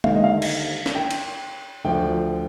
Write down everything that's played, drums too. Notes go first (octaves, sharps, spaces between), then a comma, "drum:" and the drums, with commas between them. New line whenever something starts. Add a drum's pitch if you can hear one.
D#2 D3 G3 F5, drum: tom G#3
D#5
F5
drum: cymbal
drum: snare
G5
drum: cymbal
D2 D3 F3 G5